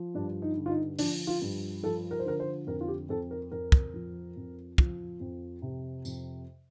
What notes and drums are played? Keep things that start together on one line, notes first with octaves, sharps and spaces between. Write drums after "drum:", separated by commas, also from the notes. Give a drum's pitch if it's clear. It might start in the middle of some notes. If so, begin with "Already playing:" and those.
Already playing: F3
G2 D4
D#4
D3
F4
D#4
F3 D4, drum: open hi-hat
F4
G2
F3 A4
A#4
C5
D3 A#4
C5
F2 A#4
F4
G4
F2 A4
A#4
F2 A#4
drum: kick
F3
F2
F3, drum: kick
F2
C3
F2, drum: tambourine